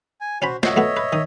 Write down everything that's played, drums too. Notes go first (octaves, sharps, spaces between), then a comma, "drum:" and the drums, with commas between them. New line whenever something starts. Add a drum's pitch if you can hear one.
G#5
C#4 F#4 C5 G#5 B5
C5 C#5 D#5 E5 F#5, drum: snare
A3 B3 F#4
B4
D#3 D#6